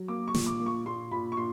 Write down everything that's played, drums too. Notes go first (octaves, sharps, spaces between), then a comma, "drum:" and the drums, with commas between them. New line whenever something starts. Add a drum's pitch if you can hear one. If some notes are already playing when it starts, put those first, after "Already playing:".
Already playing: F#3
A#3 D6
C#6
A#2, drum: snare
D6
A#3
C#6
A#2 C6
A#2 B5
C#6
A#2 C6